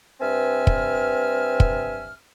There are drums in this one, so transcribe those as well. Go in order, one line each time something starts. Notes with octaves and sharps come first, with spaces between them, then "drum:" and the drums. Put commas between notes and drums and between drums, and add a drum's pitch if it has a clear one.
G2 C4 B4 E5 G#5 F6
drum: kick
drum: kick